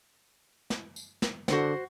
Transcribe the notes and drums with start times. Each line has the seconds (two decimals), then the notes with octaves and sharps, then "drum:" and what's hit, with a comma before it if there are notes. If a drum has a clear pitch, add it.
0.70 drum: snare
0.96 drum: tambourine
1.22 drum: snare
1.48 D3 F#4 C5 F#5, drum: snare